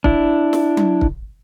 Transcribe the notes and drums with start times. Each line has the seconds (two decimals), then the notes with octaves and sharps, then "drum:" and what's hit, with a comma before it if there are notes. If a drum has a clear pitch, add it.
0.04 D4 E4, drum: kick
0.53 drum: snare
0.77 drum: tom F#3
1.01 drum: kick